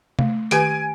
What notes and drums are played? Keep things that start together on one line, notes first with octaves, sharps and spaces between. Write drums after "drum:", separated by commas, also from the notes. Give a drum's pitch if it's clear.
A3, drum: tom
D#3 G4 B4 G#5 D7, drum: hi-hat